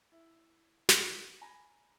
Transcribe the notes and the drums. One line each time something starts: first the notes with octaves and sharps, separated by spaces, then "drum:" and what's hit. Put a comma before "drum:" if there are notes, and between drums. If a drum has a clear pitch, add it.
E4
drum: snare
G#5 A#5 B5 A#6